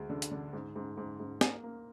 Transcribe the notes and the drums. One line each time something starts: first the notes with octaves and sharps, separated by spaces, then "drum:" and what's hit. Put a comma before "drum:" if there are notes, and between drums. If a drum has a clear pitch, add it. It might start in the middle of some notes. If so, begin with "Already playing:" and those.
Already playing: D2 G#3
D3
drum: hi-hat
D3
G#2
G#2
G#2
G#2
A#3, drum: snare
A#3